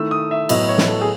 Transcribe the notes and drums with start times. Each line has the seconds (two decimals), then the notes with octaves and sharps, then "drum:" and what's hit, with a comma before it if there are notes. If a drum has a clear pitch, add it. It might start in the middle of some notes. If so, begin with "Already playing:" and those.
Already playing: D#3 A3 E4 E6
0.11 D#6
0.31 E5
0.49 A2 F#3 B3 E4 D#5, drum: cymbal
0.69 C#5
0.78 drum: snare
0.88 A4
1.01 G#4